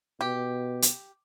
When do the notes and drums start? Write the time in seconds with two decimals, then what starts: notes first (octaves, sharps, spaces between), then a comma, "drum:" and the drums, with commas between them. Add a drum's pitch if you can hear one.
0.21 B2 G4
0.82 drum: hi-hat